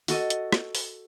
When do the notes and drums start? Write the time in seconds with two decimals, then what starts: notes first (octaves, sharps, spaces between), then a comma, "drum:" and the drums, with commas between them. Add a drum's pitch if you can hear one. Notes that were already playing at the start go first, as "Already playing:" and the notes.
0.08 F#4 A4 D#5, drum: open hi-hat
0.30 drum: hi-hat
0.52 drum: rim click
0.75 drum: open hi-hat